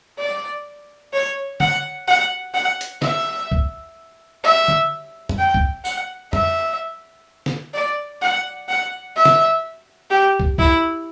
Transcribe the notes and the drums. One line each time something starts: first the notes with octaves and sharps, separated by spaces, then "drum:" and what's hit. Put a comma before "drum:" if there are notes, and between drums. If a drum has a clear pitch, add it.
D5
C#5
F#5, drum: tom D3
F#5
F#5
drum: hi-hat
E5, drum: snare
drum: kick
E5
drum: tom D3
drum: tom
G5
drum: kick
F#5, drum: tambourine
E5, drum: tom
drum: snare
D5
F#5
F#5
E5
drum: snare
G4
drum: kick
E4, drum: kick